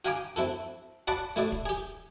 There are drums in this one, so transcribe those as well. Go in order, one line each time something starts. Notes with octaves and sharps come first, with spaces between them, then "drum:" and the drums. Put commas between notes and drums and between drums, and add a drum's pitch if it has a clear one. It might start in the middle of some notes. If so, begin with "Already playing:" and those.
F#4 F5 G5 G#5 A#5 D6
C4 E4 F#4 A4
F#4 D5 F#5 A5 B5 D6
A3 E4 F#4 D5
drum: kick
G4 G#4